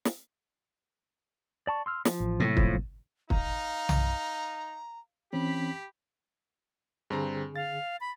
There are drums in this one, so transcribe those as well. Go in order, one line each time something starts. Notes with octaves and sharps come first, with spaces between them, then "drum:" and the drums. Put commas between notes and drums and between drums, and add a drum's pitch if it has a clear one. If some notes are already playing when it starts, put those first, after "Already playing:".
drum: snare
D5 A5 C#6
C6 E6 F6
F3, drum: snare
A1
A2 C3 F#3 A#3
F3, drum: kick
D#4 F5 A#5, drum: kick
drum: tom B1
E3 C4 C#4 G4 B5
G2 D3 C4 G#4 A#5
F5 A6
B5